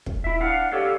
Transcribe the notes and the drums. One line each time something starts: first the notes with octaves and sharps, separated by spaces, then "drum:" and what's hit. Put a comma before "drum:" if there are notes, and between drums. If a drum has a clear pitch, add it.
drum: kick
E4 E5
D4 F5 F#5
G4 A4 C#5 D5 F5